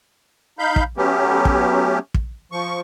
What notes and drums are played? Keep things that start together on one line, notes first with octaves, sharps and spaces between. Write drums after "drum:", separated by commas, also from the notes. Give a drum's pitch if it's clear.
D#4 F5 B5 G6
drum: kick
F#3 A3 B3 C#4 G4
drum: kick
drum: kick
F3 C#6